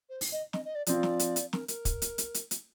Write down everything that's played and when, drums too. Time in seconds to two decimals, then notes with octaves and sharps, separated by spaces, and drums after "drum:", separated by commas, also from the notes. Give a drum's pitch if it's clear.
0.09 C5
0.21 drum: open hi-hat
0.32 D#5
0.53 D#5, drum: snare
0.65 D#5
0.75 D5
0.86 F3 C4 F4 D5, drum: hi-hat
1.03 drum: snare
1.19 drum: hi-hat
1.36 drum: hi-hat
1.53 A#4, drum: snare
1.68 A#4, drum: hi-hat
1.85 drum: kick, hi-hat
2.02 drum: hi-hat
2.18 drum: hi-hat
2.34 drum: hi-hat
2.51 drum: hi-hat